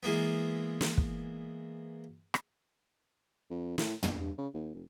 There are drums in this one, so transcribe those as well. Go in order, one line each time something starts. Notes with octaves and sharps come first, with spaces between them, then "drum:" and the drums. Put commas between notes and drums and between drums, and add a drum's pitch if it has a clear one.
E3 G#3 A#3 B3
drum: snare
drum: kick
drum: rim click
F2
A2, drum: snare
A#1, drum: tom
G2
C#3
D#2
F1